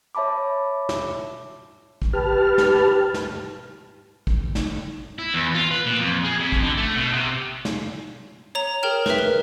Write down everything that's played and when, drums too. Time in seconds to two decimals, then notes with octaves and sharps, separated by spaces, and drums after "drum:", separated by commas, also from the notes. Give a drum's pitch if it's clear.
0.15 C#5 E5 A5 B5 D6
0.89 drum: snare
2.02 drum: kick
2.13 G4 B4 A5 F6
2.58 drum: snare
3.14 drum: snare
4.27 drum: kick
4.55 drum: snare
5.18 E4
5.34 E2
5.55 F4
5.71 B4
5.86 A#2
5.99 F2
6.25 G#3
6.40 F2
6.52 drum: kick
6.63 D3
6.77 A3
6.96 B2
7.13 C3
7.65 drum: snare
8.55 C#5 A#5 F7
8.83 G#4 A#4 G5 F6 E7
9.06 B4 E5, drum: snare
9.19 A#4